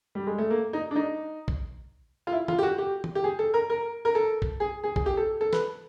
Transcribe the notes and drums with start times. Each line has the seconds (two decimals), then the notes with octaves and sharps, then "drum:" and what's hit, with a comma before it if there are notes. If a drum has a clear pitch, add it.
0.15 G3
0.27 G#3
0.38 A3
0.50 A#3
0.73 D#4
0.91 D4
0.96 D#4
1.48 drum: kick
2.27 F4
2.33 E4
2.48 F4, drum: tom
2.58 G4
2.63 F#4
2.78 G4
3.04 drum: tom
3.15 G4
3.24 G#4
3.39 A4
3.54 A#4
3.70 A#4
4.05 A#4
4.15 A4
4.42 drum: kick
4.60 G#4
4.84 G#4
4.96 G#4, drum: kick
5.06 G4
5.17 A4
5.41 A4
5.53 B4, drum: snare